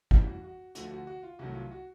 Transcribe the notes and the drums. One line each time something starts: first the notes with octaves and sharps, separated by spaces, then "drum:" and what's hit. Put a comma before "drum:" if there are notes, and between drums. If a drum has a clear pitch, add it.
A2 E3 G3 G4, drum: kick
F#4
F#4
D2 D3 F3 A3 F#4, drum: hi-hat
F#4
F#4
F4
C2 C3 D#3 F#3 A3 F#4
F4
F#4